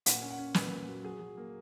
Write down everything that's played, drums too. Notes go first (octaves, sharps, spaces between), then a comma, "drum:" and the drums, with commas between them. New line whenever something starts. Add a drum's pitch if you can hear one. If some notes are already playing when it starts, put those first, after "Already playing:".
A#2 F#5, drum: hi-hat
C#4
F#5
C#4
A#2 B4, drum: snare
A#2
F#3
F#3 G#4
F#3
A#3